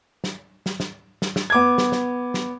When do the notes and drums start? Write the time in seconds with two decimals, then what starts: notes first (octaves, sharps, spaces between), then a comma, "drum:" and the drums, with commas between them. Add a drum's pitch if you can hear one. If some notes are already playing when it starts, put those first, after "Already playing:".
0.24 drum: snare
0.66 drum: snare
0.80 drum: snare
1.22 drum: snare
1.36 drum: snare
1.50 B3 D6 G#6
1.78 drum: snare
1.92 drum: snare
2.34 drum: snare